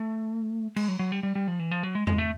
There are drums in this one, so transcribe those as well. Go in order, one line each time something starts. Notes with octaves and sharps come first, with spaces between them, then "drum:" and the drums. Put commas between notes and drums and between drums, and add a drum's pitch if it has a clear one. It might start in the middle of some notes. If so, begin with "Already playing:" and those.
Already playing: A3
G#3, drum: cymbal
F#3
F#3
G3
G3
G3
F3
E3
F3
F#3
G#3
G#3, drum: tom E2
A3